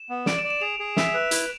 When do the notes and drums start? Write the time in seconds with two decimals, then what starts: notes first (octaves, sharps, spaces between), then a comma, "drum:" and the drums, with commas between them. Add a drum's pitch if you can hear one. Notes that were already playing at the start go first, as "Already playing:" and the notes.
Already playing: E7
0.09 B3
0.26 D5 D7, drum: snare
0.38 E7
0.44 D5
0.50 E7
0.61 G#4 F7
0.80 G#4
0.97 E5, drum: snare
1.14 B4
1.31 E4, drum: hi-hat